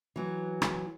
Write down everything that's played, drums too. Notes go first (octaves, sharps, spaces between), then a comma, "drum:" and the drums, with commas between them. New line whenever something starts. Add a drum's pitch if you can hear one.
E3 F#3
drum: rim click